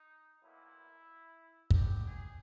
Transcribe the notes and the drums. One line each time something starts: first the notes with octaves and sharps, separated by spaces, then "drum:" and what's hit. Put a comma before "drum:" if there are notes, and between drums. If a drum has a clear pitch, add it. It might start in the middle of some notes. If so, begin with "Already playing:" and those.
Already playing: D#4
B1 A#2 F#3 A#3 E4
F#2 D3 F#3 B3 G4, drum: kick
G#4